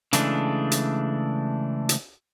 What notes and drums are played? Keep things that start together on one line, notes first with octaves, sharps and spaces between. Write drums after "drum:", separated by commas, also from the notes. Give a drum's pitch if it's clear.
C#3 E3 G#3 A3 D4, drum: hi-hat
drum: hi-hat
drum: hi-hat